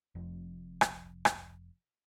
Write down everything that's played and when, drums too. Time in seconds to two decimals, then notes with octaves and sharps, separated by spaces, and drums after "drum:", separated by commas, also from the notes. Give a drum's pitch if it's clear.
0.15 F1 F2
0.81 drum: rim click
1.25 drum: rim click